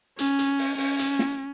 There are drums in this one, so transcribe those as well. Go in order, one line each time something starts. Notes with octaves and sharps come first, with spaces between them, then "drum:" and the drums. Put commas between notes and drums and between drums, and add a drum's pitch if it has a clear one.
C#4, drum: hi-hat
drum: hi-hat
drum: open hi-hat
C#4, drum: open hi-hat
drum: hi-hat
drum: snare